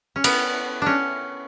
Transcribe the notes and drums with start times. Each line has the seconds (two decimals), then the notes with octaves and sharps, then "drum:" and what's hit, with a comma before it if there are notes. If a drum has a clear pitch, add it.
0.16 C#4
0.24 B3, drum: cymbal
0.82 C#4 D4